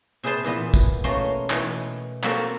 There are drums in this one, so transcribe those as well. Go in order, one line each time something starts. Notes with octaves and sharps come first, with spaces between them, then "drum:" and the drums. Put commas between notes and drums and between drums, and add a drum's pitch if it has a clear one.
C3 G#4 B4 C5 A5 C6
A#2 E3 B3
drum: kick, tambourine
B2 A3 A#3 C#4 C6
B2 E3, drum: clap
A#3 C4 F#4 G4 A4 A#4, drum: clap